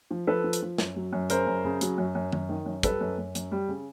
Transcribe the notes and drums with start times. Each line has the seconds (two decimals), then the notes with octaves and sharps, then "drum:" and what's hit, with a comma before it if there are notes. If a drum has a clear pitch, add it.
0.11 F3
0.27 F3 A4 B4
0.44 F3
0.53 drum: hi-hat
0.62 F3
0.78 F#2, drum: snare
0.96 F#3
1.13 F#2
1.30 C#3 A#4 C5, drum: hi-hat
1.47 F#2
1.64 C#3
1.81 F#3, drum: hi-hat
1.98 F#2
2.15 F#2
2.32 F#2, drum: tom D#3
2.49 D#3
2.66 F#2
2.83 G3 A4 B4, drum: kick, hi-hat
3.01 F#2
3.18 F#2
3.35 F#2, drum: hi-hat
3.51 G3
3.68 C#3